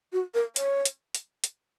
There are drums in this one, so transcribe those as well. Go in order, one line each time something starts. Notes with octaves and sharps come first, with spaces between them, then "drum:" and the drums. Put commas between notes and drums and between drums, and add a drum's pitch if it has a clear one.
F#4
A#4
C#5, drum: hi-hat
drum: hi-hat
drum: hi-hat
drum: hi-hat